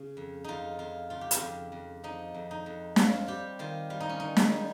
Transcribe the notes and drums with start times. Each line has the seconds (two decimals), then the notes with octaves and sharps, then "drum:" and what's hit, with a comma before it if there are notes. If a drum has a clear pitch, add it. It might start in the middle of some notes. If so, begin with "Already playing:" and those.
Already playing: C#3
0.17 F2
0.44 F2 D#4 F4
0.79 F2 F4
1.10 C#3 F4
1.21 G4
1.31 F4, drum: hi-hat
1.41 F2
1.72 F2
2.04 F3 D#4
2.34 F2
2.51 D#4
2.66 F2
2.96 C4 F4, drum: snare
3.27 G3 G4
3.59 D#3 F4
3.90 G3 F4
4.00 D#4
4.09 C#4
4.20 D#3 D#4
4.37 G#4, drum: snare
4.52 G3